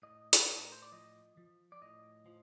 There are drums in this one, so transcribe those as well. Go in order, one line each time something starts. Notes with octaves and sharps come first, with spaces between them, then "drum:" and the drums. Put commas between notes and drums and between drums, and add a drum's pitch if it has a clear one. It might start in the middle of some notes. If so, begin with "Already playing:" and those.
A2 D#5
D#5, drum: hi-hat
A2 A4
A#4
C5
D5
F3 D#5
F3
D5
A2 D#5
F3